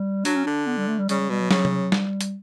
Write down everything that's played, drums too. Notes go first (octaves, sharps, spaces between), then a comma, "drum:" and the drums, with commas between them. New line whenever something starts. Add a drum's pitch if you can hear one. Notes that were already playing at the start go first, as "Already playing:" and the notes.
Already playing: G3
F#3 D4, drum: hi-hat
C#4
D3 D4
B3
G3
A3
G3
C#3 G3, drum: hi-hat
G3
B2 G3
F#3
C#3 F#3, drum: snare
drum: tom C3
G3, drum: snare
drum: hi-hat